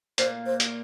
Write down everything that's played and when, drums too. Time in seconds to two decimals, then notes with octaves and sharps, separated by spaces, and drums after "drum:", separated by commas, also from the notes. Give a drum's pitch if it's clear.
0.18 A#2 C5, drum: hi-hat
0.46 C5
0.60 drum: hi-hat